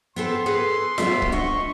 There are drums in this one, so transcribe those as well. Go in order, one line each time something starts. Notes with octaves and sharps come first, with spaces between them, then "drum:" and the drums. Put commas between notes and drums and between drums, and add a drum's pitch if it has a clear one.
B3 C4 A4 C6
G#4 A4 B4
G3 B3 E5, drum: snare F4
drum: kick
D2 D#5 C#6